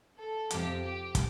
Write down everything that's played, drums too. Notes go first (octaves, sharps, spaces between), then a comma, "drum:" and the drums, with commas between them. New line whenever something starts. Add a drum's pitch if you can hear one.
A4
F2 C3 F3 G4, drum: hi-hat
G4
drum: kick, hi-hat